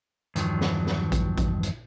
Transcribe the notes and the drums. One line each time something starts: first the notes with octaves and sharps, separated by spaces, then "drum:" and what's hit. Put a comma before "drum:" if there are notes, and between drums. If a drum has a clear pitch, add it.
E2 G2 D#3 F3 F#3, drum: hi-hat
drum: snare
drum: snare
drum: kick A1, hi-hat
drum: kick A1, hi-hat
drum: hi-hat